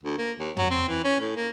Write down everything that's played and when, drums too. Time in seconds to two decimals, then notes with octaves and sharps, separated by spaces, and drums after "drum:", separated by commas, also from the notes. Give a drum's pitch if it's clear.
0.04 D2
0.18 A#3
0.39 D#2
0.57 F#3, drum: tom
0.71 C4
0.88 E3
1.04 C#4
1.20 A2
1.36 A#3